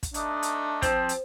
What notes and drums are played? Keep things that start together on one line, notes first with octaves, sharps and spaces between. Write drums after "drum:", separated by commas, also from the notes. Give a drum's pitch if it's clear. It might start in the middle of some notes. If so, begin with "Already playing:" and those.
drum: kick, hi-hat
A3 D4 D#4 D#5, drum: hi-hat
drum: hi-hat
F3 C4 C5, drum: kick, hi-hat
drum: hi-hat